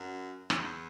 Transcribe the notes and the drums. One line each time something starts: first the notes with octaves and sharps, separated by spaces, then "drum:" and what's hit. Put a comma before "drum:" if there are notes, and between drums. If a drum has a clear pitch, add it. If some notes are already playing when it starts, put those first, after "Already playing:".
Already playing: F#2
E2, drum: rim click